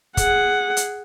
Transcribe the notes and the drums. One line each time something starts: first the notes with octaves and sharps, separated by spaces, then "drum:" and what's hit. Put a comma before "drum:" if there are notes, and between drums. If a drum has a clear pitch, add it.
G#4 F#5, drum: kick, hi-hat
drum: hi-hat